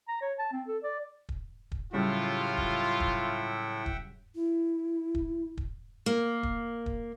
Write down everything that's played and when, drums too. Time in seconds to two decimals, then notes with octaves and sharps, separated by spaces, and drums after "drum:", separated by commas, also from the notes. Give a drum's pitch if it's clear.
0.08 A#5
0.22 C#5
0.39 A5
0.52 C4
0.68 A4
0.83 D5
1.29 drum: kick
1.72 drum: kick
1.93 A2 C#3 F#3 G3 F4 E5 F#5 G5
2.57 drum: kick
3.00 drum: kick
3.86 drum: kick
4.35 E4
5.15 drum: kick
5.57 drum: kick
6.06 A#3
6.43 drum: kick
6.86 drum: kick